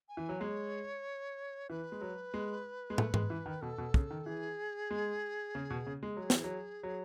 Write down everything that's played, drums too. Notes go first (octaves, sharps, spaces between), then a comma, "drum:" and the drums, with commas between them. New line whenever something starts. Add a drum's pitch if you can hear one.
G#5
E3
F#3
G#3 C#5
E3 B4
G#3
F#3
G#3
G#3
A3, drum: tom
G#3, drum: tom G#2
E3
D#3
B2 A4
B2
C#3, drum: kick
D#3
E3 G#4
G#3
C#3
B2
C#3
G#3
F#3 G#4
E3, drum: snare
F#3
F#3